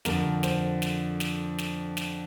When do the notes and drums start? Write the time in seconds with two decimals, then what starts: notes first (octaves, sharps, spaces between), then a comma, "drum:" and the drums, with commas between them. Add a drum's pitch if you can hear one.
0.05 F2 D3 A#4, drum: snare
0.43 C5, drum: snare
0.82 drum: snare
1.20 drum: snare
1.58 drum: snare
1.97 drum: snare